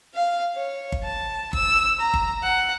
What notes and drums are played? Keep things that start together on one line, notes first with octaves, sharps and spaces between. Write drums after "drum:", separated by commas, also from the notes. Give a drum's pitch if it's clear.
F5
C#5
drum: kick G1
A5
E6, drum: kick G1
A#5
drum: kick G1
F#5